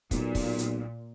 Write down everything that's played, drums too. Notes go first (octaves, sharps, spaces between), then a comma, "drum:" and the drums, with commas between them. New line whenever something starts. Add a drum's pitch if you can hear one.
B1 A#2, drum: kick, hi-hat
drum: kick, open hi-hat
drum: hi-hat